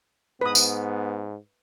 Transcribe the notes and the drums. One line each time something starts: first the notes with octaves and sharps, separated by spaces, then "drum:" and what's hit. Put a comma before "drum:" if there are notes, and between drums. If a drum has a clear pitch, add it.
G#2 B3 B4 D#6
drum: tambourine